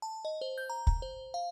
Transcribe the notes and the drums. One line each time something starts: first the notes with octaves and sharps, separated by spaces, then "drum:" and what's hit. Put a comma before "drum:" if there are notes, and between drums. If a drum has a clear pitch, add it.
A5
D#5
C5
G6
A#5
A#5, drum: kick
C5
F5